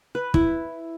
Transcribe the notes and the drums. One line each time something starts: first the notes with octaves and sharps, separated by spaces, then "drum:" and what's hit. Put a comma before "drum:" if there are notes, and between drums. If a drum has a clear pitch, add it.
B4
E4, drum: kick